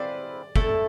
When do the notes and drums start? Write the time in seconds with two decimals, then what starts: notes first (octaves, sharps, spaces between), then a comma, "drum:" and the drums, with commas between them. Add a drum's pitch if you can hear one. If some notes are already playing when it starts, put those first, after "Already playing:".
Already playing: C4 E4 B4 D5 F5
0.56 A3 E4 A4, drum: kick